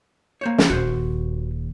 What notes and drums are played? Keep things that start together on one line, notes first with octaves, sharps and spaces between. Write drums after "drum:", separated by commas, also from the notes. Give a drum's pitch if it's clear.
A#3 C5 C#5
drum: snare
D#1 D#2 F#4 C5